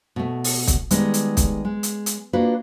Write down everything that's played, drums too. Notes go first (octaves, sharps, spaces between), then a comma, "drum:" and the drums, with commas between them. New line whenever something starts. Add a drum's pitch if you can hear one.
B2 A3
drum: open hi-hat
drum: kick, hi-hat
D#3 G3 G#3 B3, drum: hi-hat
drum: hi-hat
drum: kick, hi-hat
G#3
drum: hi-hat
drum: hi-hat
A#3 D4 F4 F#4 B4